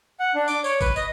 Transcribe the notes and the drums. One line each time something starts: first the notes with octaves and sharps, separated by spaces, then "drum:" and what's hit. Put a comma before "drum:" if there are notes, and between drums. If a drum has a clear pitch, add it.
F#5
D4
D6, drum: tambourine
C#5, drum: tambourine
B4, drum: kick G#1, tambourine
D#5, drum: tambourine